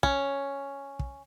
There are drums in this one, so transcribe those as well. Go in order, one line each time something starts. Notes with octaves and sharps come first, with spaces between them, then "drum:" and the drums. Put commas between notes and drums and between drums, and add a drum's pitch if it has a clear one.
C#4, drum: kick
drum: kick